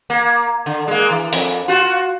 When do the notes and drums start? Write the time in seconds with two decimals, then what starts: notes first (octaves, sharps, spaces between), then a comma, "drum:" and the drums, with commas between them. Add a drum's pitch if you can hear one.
0.10 A#3
0.66 D3
0.88 G#3 A#3
1.10 E3
1.33 F2, drum: open hi-hat
1.68 F4 F#4